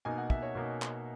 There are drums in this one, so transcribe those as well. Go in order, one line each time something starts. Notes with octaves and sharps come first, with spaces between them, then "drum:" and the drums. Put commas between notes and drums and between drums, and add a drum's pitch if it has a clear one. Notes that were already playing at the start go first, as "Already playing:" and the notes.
B2 A#3 D#4 G#5
F#5
E5, drum: kick
C#5
B2 A#3 D#4
drum: clap